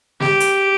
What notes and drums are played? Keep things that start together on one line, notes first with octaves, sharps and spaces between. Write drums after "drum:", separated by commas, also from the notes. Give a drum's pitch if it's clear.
G4, drum: snare
drum: hi-hat